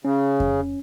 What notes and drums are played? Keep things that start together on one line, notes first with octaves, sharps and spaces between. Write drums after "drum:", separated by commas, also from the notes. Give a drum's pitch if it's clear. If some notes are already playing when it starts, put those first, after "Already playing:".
C#3 C#4
drum: kick F2